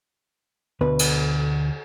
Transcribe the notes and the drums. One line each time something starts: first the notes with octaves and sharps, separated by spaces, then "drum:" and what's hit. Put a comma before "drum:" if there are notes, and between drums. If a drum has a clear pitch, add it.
D2 B2 B4
drum: cymbal